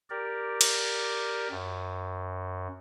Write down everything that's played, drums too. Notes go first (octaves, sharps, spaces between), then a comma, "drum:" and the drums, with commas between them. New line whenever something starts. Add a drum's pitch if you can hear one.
G4 A#4 D5
drum: cymbal
F#2